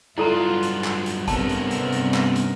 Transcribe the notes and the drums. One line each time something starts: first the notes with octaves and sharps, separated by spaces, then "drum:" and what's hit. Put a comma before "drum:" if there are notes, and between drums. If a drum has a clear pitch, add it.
G2 F#3 D4 E4 F4 A4 A#5
drum: hi-hat
drum: clap
drum: hi-hat
G2 C3 B3 C#4 A4 A#4 A5, drum: kick, hi-hat
drum: hi-hat
drum: hi-hat
drum: hi-hat
drum: clap
drum: hi-hat